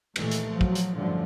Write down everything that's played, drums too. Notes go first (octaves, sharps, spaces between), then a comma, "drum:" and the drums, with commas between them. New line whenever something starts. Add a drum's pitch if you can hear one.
A#2 D#3 E3 A3, drum: cymbal
drum: hi-hat
F3 F#3
drum: kick
drum: hi-hat
F#2 A2 D3 F3 G3